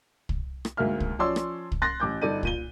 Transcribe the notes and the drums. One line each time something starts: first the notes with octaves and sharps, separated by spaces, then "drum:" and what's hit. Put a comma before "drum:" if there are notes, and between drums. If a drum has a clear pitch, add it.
drum: kick
drum: rim click
D2 G#2 A#3 E5 F6
drum: kick
F3 C#4 C#5 D5 C6 E6
drum: rim click
drum: kick
C6 F#6 A6 A#6
A1 D6 G6
G1 D#4 A4 D5 D#7
A#2 D#7 G7, drum: kick